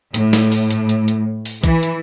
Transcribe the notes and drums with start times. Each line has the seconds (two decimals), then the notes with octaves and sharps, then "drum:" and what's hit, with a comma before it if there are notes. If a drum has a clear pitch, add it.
0.14 A2, drum: hi-hat
0.33 drum: snare
0.52 drum: open hi-hat
0.71 drum: hi-hat
0.89 drum: hi-hat
1.08 drum: hi-hat
1.45 drum: open hi-hat
1.64 E3, drum: kick, hi-hat
1.83 drum: hi-hat